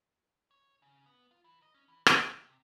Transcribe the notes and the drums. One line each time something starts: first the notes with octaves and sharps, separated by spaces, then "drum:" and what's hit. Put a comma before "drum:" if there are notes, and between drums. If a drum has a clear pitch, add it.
C#5
C#3
B3
F4
E3
D#5
C#4
E3
D3, drum: rim click
C4
C3